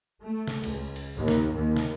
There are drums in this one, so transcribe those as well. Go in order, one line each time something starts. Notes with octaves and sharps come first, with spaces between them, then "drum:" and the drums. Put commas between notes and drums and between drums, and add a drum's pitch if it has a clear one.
A3
drum: snare
C#2, drum: cymbal
drum: cymbal
D#2
drum: snare
D#2
drum: snare